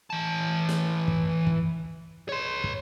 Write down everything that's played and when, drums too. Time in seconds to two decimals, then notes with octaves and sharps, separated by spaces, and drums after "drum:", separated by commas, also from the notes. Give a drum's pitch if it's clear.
0.10 E3 A5
0.69 drum: snare
1.08 drum: kick
1.47 drum: kick
2.29 C#5 C6
2.64 drum: kick